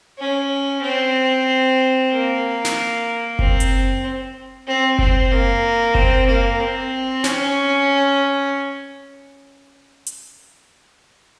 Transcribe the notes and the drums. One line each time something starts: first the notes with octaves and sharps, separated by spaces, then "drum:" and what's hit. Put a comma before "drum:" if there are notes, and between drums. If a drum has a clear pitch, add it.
C#4
C4
A#3
drum: snare
C4, drum: kick F#1
drum: hi-hat
C4
C4, drum: kick F#1
A#3
C4, drum: kick F#1
A#3
C4
C#4, drum: snare
drum: hi-hat